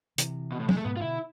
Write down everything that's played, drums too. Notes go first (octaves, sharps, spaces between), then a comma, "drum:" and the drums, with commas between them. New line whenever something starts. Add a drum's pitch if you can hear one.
C3 E3, drum: hi-hat
B2
A2
G#3, drum: tom
A3
G#2 B2 B3
F4
B2 D3 E4